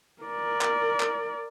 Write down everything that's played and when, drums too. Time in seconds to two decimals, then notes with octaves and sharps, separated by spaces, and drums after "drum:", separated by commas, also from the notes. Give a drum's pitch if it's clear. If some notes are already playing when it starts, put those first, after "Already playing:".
0.22 A#4 D5
0.61 drum: clap
1.00 drum: clap